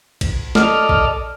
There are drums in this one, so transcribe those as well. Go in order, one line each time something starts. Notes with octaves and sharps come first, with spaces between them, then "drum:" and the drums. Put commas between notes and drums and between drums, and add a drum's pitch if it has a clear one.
drum: kick A1, cymbal
A4 D5 D#5 F6, drum: snare
drum: kick A1